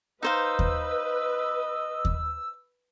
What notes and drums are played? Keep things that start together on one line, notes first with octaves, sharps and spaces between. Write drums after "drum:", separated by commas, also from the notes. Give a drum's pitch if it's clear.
D#4 B4 C5 D#5 F5 E6
drum: kick D#2
drum: kick D#2